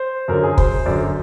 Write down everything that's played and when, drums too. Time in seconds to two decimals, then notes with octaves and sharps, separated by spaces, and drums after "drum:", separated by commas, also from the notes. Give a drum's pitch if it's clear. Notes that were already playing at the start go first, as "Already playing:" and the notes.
Already playing: C5
0.28 F#2 D3 F#3 A#4
0.43 G#4
0.58 C5, drum: kick
0.86 F#2 D3 F#3 D5